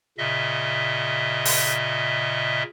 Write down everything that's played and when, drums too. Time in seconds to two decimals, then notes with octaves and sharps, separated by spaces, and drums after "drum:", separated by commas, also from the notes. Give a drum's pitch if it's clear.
0.18 A#2 C#3 D#5 E5
1.45 drum: open hi-hat